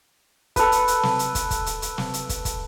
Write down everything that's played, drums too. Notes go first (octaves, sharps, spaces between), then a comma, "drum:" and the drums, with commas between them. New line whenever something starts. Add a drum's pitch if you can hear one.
A4 B4, drum: kick, hi-hat
drum: hi-hat
drum: hi-hat
drum: snare
drum: hi-hat
drum: kick, hi-hat
drum: kick, hi-hat
drum: hi-hat
drum: hi-hat
drum: snare
drum: hi-hat
drum: kick, hi-hat
drum: kick, hi-hat